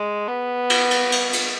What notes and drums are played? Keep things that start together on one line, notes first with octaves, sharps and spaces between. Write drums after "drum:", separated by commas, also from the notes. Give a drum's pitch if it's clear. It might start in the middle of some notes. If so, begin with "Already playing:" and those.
Already playing: G#3
B3
drum: cymbal
drum: cymbal
drum: cymbal
drum: cymbal